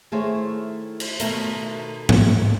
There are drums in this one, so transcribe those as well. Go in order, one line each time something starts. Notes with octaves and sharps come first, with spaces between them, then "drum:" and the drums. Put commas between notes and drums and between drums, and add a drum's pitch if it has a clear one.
D#3 A3 E4 G#4 C5 C#5
drum: cymbal
B2 D#3 A3 A#4, drum: hi-hat
drum: tom G#2